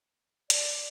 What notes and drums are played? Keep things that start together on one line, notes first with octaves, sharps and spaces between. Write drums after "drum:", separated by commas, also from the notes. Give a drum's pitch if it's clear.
D5, drum: hi-hat